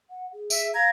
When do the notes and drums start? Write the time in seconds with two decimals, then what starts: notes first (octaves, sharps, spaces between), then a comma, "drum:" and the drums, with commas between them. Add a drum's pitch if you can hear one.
0.10 F#5
0.33 G#4
0.50 E5, drum: tambourine
0.74 F5 A#5 G#6